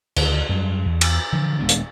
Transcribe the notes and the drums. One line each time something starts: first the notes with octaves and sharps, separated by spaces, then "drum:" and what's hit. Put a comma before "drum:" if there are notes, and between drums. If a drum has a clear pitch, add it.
D2 D#3, drum: cymbal
F#2 G3
E2
drum: cymbal
D3 E3 F3
D#1 G#3 B3 D4
drum: hi-hat